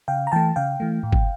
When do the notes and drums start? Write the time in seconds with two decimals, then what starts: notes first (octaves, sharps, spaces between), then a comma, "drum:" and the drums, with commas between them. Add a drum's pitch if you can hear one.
0.08 C#3 F5 G5
0.27 A#5
0.32 E3 A3 G5 A5
0.56 C#3 F5 G5
0.80 E3 A3
1.03 A2
1.12 drum: kick